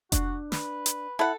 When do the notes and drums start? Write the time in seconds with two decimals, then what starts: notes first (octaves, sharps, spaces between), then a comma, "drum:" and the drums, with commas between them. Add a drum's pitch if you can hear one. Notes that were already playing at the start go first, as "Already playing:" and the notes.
0.12 D4 F#4, drum: kick F1, hi-hat
0.52 B4, drum: snare
0.86 drum: hi-hat
1.19 E4 A4 F#5